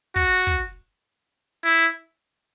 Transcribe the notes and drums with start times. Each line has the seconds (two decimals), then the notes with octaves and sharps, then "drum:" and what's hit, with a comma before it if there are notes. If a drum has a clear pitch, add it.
0.16 F#4, drum: kick
0.47 drum: kick
1.64 E4